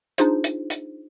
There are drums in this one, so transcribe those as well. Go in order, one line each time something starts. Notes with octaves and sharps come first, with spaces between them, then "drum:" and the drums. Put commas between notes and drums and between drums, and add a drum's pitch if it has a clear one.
D4 D#4 F4 G#4 C5, drum: hi-hat
drum: hi-hat
drum: hi-hat